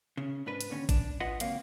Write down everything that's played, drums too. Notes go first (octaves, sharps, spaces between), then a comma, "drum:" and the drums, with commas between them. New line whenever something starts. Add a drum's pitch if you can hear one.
C#3
G#2 D4 B4
drum: hi-hat
D#2 D3 C#4
D4, drum: kick A1, hi-hat
F4 B4 D#5 F#5
C#2 F#2 A#3 C4 F5, drum: hi-hat